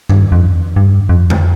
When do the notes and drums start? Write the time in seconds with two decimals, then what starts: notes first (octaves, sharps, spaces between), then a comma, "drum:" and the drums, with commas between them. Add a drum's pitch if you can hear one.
0.10 G2, drum: tom D#3
0.32 F2
0.76 G2
1.09 F2
1.30 drum: tom F2